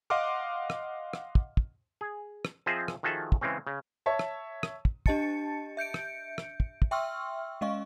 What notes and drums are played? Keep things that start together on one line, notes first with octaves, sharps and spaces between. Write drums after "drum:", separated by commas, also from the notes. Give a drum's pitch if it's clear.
D#5 F5 F#5 C6 D6 F6
drum: rim click
drum: rim click
drum: kick
drum: kick
G#4
drum: rim click
F3 C4 G#4 C5 D#5 E5
drum: rim click
D#3 F3 F#4 G#4 A4 E5
drum: kick
C#3 E3 G#3 C4 C#4
C#3
C#5 E5 A5
drum: rim click
drum: rim click
drum: kick
D4 G4 D#5 A5 A6 C#7, drum: kick
E5 G6 C#7 D7
drum: rim click
drum: rim click
drum: kick
drum: kick
E5 G5 C6 C#6 E6 F6
G#3 C#4 D#5 F5 C#6